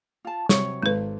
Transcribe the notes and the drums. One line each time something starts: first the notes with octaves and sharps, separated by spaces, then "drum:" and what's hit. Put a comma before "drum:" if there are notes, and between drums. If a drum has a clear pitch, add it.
F4 A5
C3 F#3 C#5, drum: snare
G#1 G#3 A4 B4